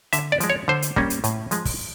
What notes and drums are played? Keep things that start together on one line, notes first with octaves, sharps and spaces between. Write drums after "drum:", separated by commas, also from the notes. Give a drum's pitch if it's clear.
D3 E5, drum: hi-hat
D5
F3 G#3, drum: hi-hat
C#5
D3 C5
drum: hi-hat
G3 A#3 C#4, drum: kick
drum: hi-hat
A2, drum: hi-hat
F3 G#3, drum: hi-hat
drum: kick, open hi-hat